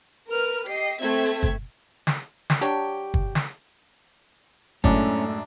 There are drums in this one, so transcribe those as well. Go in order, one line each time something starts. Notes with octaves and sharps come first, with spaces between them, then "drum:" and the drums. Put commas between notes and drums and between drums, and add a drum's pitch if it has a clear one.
A#4 B4 F6
G4 D#5 C7
A3 C4 E5 G#6
drum: kick
drum: snare
drum: snare
F#3 D4 G4 C#5
drum: kick
drum: snare
F#2 A2 G#3 A3 C#4 D4, drum: kick